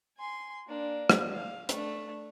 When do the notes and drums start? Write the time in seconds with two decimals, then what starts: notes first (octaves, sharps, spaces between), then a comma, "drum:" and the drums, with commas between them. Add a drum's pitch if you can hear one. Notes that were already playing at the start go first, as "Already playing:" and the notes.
0.18 G#5 C6
0.68 A#3 D4
1.10 drum: rim click
1.32 F5
1.69 A3 D4, drum: hi-hat